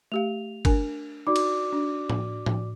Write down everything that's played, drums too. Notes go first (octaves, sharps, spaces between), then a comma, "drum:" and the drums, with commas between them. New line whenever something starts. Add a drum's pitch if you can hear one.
A3 G4 F5 F7
D4 A#4 G#5, drum: kick, cymbal
D#4 F#4 D5 D6
drum: cymbal
D4
drum: tom A2
drum: tom A2